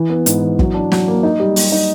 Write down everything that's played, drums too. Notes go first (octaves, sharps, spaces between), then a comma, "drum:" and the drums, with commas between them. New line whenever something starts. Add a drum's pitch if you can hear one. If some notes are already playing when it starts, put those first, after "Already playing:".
Already playing: E3
B3
G#2, drum: hi-hat
E3
F#3, drum: kick
D4
F#3, drum: snare
A#3
D#4
G3
G3, drum: open hi-hat
D#4